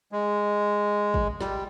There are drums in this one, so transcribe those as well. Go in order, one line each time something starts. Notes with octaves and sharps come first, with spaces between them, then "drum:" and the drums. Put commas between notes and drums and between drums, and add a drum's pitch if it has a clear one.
G#3
drum: kick
G3, drum: snare